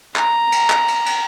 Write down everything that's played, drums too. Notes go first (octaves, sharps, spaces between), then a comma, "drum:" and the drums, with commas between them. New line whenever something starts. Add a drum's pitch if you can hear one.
A#5, drum: clap
drum: cymbal
drum: clap
drum: cymbal
drum: cymbal